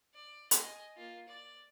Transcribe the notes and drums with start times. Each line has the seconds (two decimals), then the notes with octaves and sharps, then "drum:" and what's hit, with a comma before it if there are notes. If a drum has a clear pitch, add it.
0.14 D5
0.51 D#5 G#5, drum: hi-hat
0.96 A#3 F4
1.28 D5